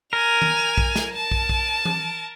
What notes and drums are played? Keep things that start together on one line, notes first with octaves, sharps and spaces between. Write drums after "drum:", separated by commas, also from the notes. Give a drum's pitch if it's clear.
A#4 G#5 F7
drum: tom D#3
drum: kick
drum: snare
A5
drum: kick
drum: kick
drum: tom E3